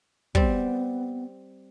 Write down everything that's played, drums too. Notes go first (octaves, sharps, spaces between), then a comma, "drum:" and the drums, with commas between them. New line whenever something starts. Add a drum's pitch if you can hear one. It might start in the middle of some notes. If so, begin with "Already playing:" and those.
G3 B3 C4, drum: kick